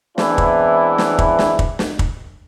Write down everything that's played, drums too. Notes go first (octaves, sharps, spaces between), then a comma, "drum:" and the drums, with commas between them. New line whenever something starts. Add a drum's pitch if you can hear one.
E3 G#3 B3 C4 D4 E4, drum: snare
drum: kick
drum: snare
drum: kick
drum: snare
drum: kick
drum: snare
drum: kick